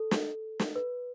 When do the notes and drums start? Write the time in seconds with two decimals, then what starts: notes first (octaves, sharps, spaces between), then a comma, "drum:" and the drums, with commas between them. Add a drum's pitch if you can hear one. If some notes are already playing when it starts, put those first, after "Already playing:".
Already playing: A4
0.11 drum: snare
0.60 drum: snare
0.76 B4